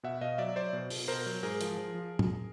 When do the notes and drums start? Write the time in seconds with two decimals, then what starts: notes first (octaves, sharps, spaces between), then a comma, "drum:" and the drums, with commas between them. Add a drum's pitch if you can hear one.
0.03 B2 E5 F#5
0.21 B2 D#5 F5
0.38 F#3 D5 E5
0.56 F#3 C5 D5
0.73 B2
0.90 B2, drum: open hi-hat
1.08 B2 A#4 C5
1.26 F#3
1.43 G#2 G#4 A#4
1.61 F3, drum: hi-hat
1.78 F3
1.94 F3
2.19 drum: tom